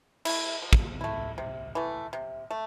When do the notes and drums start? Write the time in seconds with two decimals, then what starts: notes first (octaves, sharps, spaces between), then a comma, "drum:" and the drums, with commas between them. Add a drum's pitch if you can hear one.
0.25 A3 E4, drum: cymbal
0.62 F3
0.73 drum: kick
1.01 A3 E4
1.38 C3
1.75 E3 A3
2.13 C3
2.51 A3